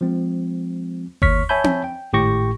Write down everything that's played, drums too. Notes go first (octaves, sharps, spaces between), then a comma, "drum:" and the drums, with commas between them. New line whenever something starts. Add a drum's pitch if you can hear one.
F3 G#3 C4
D#2 C#5 C#6 F6 B6, drum: kick G1
C#5 E5 G#5 A5 B5 G6
drum: tom C4
G5
G#1 A2 G4 G5 C#6 A#6